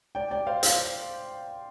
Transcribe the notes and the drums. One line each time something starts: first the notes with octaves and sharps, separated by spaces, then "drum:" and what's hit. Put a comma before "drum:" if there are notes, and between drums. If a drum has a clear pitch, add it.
D5 G5
D5 G5
C5 F5
C5 F5, drum: hi-hat